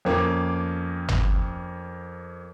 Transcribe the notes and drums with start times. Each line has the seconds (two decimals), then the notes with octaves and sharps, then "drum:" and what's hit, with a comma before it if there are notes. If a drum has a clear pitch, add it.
0.05 F2 A#3 C#4 D6
1.08 drum: tom